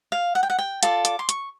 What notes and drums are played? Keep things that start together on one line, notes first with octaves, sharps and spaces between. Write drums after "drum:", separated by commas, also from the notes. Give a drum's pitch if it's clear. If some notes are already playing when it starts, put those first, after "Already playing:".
F5
F#5
G5
F#5
G5
F4 A4 D5 A5, drum: hi-hat
D6, drum: hi-hat
C6
C#6, drum: hi-hat